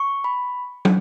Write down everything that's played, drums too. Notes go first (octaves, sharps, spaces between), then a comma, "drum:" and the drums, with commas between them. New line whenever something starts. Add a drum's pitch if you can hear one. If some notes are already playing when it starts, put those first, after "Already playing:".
Already playing: C#6
B5
drum: tom